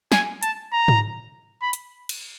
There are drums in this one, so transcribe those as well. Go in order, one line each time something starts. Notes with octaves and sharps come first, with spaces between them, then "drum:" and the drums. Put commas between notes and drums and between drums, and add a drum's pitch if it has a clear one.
G#5, drum: snare
A5, drum: hi-hat
A#5
drum: tom G#2
B5
drum: hi-hat
drum: cymbal